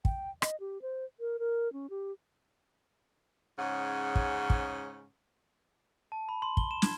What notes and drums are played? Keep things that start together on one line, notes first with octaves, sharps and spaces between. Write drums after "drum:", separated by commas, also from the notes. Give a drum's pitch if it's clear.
G5, drum: kick
D#5, drum: rim click
G4
C5
A#4
A#4
C#4
G4
G#2 C#3 C#4 F#5
drum: kick
drum: kick
A5
B5
C6
G7, drum: kick
E7
G#6, drum: snare